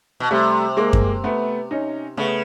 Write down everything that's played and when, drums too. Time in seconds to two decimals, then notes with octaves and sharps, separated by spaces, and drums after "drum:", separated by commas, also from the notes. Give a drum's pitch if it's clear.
0.20 B2
0.31 C3 G3 A3
0.77 G#3 A#3
0.93 drum: kick F#2
1.24 A3 B3
1.71 C#4 D#4
2.17 C#3 A3 B3